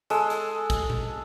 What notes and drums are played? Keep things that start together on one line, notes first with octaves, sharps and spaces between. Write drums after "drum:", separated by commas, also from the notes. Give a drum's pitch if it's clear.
G#3 A4 E6, drum: hi-hat
drum: hi-hat
drum: kick, hi-hat
drum: tom A#2